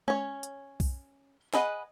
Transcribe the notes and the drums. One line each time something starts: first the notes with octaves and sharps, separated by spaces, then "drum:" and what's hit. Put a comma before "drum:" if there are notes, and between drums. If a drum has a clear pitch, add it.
C#4 C#5, drum: tom G#3
drum: hi-hat
drum: kick B1, open hi-hat
G#4 B4 D#5 F#5, drum: snare